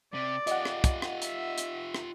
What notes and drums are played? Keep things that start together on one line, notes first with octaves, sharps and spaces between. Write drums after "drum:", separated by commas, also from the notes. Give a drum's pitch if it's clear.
C3 D5
F4 G4 D#5 F#5, drum: hi-hat
drum: rim click
drum: kick, hi-hat
drum: rim click
E5, drum: hi-hat
drum: hi-hat
drum: rim click